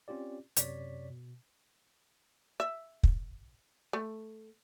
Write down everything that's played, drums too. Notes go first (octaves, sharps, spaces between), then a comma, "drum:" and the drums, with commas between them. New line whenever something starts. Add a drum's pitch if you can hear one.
C4 C#4 F4 G4 D5
F#2 C3 C#5 D5 B6, drum: hi-hat
B2
E5
drum: kick
A3